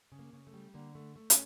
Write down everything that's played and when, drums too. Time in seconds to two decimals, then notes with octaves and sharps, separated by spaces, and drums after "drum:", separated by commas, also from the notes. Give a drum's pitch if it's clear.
0.12 C#3
0.19 A#3
0.33 C#3
0.47 A3
0.54 G3
0.74 D3 A#3
0.95 A3
1.16 A3
1.30 C#4, drum: hi-hat